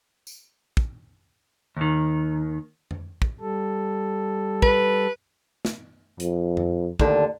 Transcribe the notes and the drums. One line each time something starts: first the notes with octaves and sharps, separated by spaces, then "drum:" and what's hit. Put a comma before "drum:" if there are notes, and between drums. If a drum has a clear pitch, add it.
drum: tambourine
drum: kick
D#2 D#3
drum: tom F2
drum: kick
G3 A4
B4, drum: kick
drum: snare
F2, drum: hi-hat
drum: tom F2
D#2 D3, drum: kick